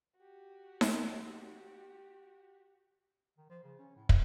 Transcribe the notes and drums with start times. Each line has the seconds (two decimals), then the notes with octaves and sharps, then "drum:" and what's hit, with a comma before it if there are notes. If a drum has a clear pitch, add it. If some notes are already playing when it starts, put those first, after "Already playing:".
0.17 F#4 G4
0.81 drum: snare D#4
3.38 D#3
3.50 F3
3.64 C#3
3.79 C#4
3.96 A2
4.09 D#3, drum: kick